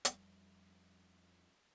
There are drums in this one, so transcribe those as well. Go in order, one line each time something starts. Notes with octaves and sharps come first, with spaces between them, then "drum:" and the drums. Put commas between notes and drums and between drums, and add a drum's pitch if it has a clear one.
F2 G3, drum: hi-hat